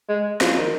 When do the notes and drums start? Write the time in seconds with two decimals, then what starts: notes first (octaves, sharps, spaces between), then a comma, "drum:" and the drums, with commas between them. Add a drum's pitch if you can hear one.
0.09 G#3
0.41 F3, drum: snare
0.57 D#3